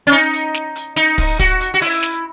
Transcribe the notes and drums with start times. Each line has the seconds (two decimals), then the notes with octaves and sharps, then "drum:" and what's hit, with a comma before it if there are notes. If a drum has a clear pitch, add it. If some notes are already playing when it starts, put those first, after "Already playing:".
0.07 C#4
0.12 D#4, drum: hi-hat
0.33 drum: hi-hat
0.54 drum: snare
0.76 drum: hi-hat
0.96 D#4, drum: snare
1.18 drum: kick, open hi-hat
1.39 F#4, drum: kick, hi-hat
1.60 drum: hi-hat
1.74 F#4
1.81 E4, drum: open hi-hat
2.03 drum: snare